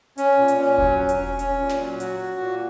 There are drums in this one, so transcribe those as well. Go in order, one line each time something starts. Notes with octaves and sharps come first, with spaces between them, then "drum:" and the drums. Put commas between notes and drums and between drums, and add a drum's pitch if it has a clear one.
C#4, drum: hi-hat
A#2
drum: hi-hat
C#4
F#3, drum: kick E1
C#4
drum: hi-hat
C#4
C#4, drum: hi-hat
A#2
drum: snare
F#3
F#4, drum: hi-hat
F#4
A#2